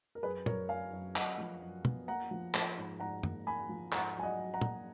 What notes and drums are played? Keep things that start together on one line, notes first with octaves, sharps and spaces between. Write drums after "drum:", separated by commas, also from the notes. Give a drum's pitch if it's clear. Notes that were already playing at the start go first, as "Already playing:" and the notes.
A#4
F#2 G#4 B4
F#2 A#4 C#5, drum: tom
F#2 F5 G#5
F#2
F#2 D#5 F#5, drum: clap
F3
F#2
B3, drum: tom
A#3 F#5 A#5
F3
F3, drum: clap
G#2
G#2 F#5 A#5
A#3, drum: tom
A#3 G#5 B5
F3
G#2 F#5 A#5, drum: clap
F#3 G#5
D#5 F#5
F#3
F#5 A#5
A#3, drum: tom